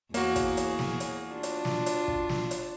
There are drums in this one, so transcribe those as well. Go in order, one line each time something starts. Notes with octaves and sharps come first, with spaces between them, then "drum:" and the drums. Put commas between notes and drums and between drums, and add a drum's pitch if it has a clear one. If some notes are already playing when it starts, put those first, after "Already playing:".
E2 A#3 F#4 G#4, drum: hi-hat
drum: kick, hi-hat
drum: hi-hat
drum: snare
drum: hi-hat
D4 F4
drum: hi-hat
drum: snare
drum: hi-hat
drum: kick
drum: snare
drum: hi-hat